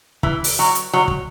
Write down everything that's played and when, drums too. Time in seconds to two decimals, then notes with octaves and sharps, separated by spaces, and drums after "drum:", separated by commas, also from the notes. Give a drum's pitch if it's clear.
0.23 E3, drum: kick
0.44 drum: open hi-hat
0.59 F#3
0.75 drum: hi-hat
0.93 F#3
1.08 drum: kick